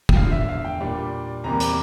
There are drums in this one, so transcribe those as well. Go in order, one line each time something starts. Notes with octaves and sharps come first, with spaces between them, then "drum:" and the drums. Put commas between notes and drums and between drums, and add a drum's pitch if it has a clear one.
G5, drum: kick
E2 D3 F3 F5
E5
F5
G5
A#2 G3 D4
E2 C3 E3 G3 A#3 A#5
D6, drum: hi-hat